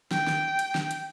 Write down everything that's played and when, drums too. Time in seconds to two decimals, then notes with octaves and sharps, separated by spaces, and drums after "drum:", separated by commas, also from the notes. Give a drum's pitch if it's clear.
0.11 G5, drum: snare
0.27 drum: snare
0.59 drum: hi-hat
0.75 drum: snare
0.91 drum: hi-hat